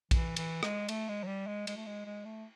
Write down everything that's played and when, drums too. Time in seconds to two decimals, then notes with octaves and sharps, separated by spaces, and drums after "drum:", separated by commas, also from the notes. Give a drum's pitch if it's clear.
0.11 E3, drum: kick A#1, cymbal
0.36 E3, drum: cymbal
0.63 G#3, drum: rim click
0.89 A3, drum: cymbal
1.08 G#3
1.23 F#3
1.27 G3
1.47 G#3
1.67 G#3, drum: cymbal
1.77 A3
1.86 G#3
2.06 G#3
2.25 A3